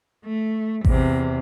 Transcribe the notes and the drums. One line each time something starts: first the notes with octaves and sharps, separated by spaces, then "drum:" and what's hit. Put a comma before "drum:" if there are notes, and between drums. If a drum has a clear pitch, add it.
A3
E2 C3, drum: kick A1